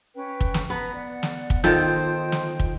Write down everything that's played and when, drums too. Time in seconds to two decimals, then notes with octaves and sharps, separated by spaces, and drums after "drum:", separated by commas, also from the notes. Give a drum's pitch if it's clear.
0.15 C#4 B4 G5
0.41 drum: kick
0.54 drum: snare
0.70 B3 B4 A5 A#5
0.92 D5 F#5
1.23 drum: snare
1.50 drum: kick
1.64 D#3 F4 A4 C5 D#5 G5 G6, drum: snare
2.32 drum: snare
2.60 drum: kick